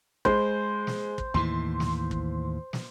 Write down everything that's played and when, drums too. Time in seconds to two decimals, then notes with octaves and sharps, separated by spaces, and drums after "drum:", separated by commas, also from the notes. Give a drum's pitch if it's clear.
0.25 G#3 C5, drum: kick
0.87 drum: snare
1.18 drum: kick
1.34 D#2 A2 E3 C6
1.80 drum: snare
2.11 drum: kick
2.73 drum: snare